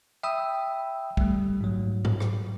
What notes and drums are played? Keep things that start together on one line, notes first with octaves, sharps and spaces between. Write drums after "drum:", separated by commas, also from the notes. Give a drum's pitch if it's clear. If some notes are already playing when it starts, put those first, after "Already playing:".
E5 G5 B5 D#6 E6
G3 A3, drum: kick
G#2 F#3
drum: tom A2
drum: rim click